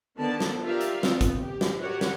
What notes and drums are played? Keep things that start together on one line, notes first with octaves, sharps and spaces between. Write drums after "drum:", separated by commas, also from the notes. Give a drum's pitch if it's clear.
D3 D#3 B3 D5 A5
drum: snare
F4 G4 A#4 D5 E5 F5
drum: hi-hat
B3 C4 F4, drum: snare
drum: kick, hi-hat
G4
drum: snare
F#4 G4 A#4 C#5 D5 F#5
drum: snare